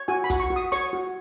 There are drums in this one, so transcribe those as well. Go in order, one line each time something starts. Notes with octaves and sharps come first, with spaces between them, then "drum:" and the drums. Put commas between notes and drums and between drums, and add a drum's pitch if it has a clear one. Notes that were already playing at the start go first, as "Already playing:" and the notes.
Already playing: C#5
F#4 G#5
B5
F#4, drum: kick, hi-hat
C#6
F#4
D#6
C#5 C#6, drum: hi-hat
F#4